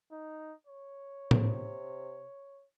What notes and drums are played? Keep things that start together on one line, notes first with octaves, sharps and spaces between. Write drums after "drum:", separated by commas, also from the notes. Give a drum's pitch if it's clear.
D#4
C#5
C3, drum: tom A2